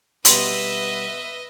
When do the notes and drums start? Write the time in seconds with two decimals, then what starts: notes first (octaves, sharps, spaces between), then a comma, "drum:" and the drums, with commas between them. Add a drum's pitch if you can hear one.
0.25 B2 G3 F#4 B4 D#5 E5 B5 C6, drum: hi-hat